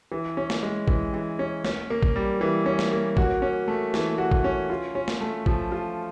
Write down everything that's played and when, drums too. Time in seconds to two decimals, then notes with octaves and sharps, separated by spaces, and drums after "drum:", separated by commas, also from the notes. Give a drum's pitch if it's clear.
0.12 E3
0.37 C#4
0.50 drum: snare
0.63 G#3
0.88 E3, drum: kick G#1
1.14 E3
1.39 C#4
1.65 C#4, drum: snare
1.90 A#3
2.03 drum: kick G#1
2.16 G3
2.41 E3
2.66 C#4
2.79 drum: snare
2.91 A#3
3.17 F#4, drum: kick G#1
3.42 C#4
3.68 A3
3.94 E3, drum: snare
4.18 F#4
4.31 drum: kick G#1
4.44 C#4
4.70 F4
4.95 C#4
5.08 drum: snare
5.21 A3
5.46 F3, drum: kick G#1
5.72 F4